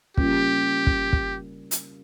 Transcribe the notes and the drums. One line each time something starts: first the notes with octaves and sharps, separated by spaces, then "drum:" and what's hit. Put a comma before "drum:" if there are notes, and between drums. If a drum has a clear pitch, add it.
C#3 G3 A#3 C#4 F4 G4, drum: kick
drum: kick
drum: kick
drum: hi-hat